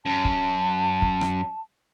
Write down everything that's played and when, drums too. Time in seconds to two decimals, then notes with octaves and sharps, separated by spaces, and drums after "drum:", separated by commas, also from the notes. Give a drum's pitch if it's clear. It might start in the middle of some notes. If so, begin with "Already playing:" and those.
0.05 F#2 A5
0.25 drum: kick
1.02 drum: kick
1.21 drum: rim click